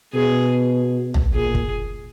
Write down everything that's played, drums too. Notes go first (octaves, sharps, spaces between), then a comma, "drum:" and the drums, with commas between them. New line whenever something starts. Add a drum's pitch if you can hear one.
B2 G#4
drum: tom
A#2 G#4
drum: kick